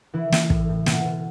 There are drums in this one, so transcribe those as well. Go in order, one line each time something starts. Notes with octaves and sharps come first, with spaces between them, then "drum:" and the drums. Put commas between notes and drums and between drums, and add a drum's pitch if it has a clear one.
E3 E4
E3, drum: snare
A2, drum: kick
A2
B2, drum: snare
B2